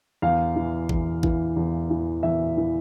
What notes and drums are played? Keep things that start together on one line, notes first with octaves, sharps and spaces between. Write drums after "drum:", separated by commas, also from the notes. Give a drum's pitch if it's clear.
E2 F5
E3
E2, drum: kick
E3, drum: kick
E2
E3
E2 E5
E3